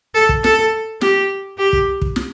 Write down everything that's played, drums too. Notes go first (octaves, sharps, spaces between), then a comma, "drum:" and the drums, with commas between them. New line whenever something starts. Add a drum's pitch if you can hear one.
A4
drum: kick
A4, drum: snare
G4, drum: snare
G4
drum: kick
drum: kick
drum: snare